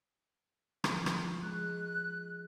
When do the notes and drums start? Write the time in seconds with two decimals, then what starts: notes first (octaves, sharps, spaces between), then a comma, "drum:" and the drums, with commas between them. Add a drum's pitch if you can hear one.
0.84 F3, drum: rim click
1.06 drum: rim click
1.43 G#3 F#6